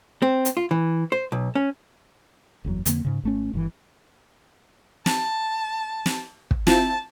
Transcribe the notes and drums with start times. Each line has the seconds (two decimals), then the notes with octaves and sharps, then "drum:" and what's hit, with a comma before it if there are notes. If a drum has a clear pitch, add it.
0.22 C4
0.45 drum: hi-hat
0.57 F4
0.71 E3
1.12 C5
1.32 B1
1.55 C#4
2.64 F#1 E2 C#3 F#3
2.86 F2 D3 D#3 A#3, drum: hi-hat
3.05 G#2 C#3
3.23 G#1 A3 C#4
3.53 G1 D3 E3
5.06 A5, drum: snare
6.06 drum: snare
6.51 drum: kick
6.67 C4 E4 F4 A5, drum: snare